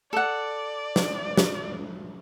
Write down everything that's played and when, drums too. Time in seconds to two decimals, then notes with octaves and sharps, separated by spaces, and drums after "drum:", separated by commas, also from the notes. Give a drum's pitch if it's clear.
0.13 A4 D5 F#5
0.96 drum: snare
1.37 drum: snare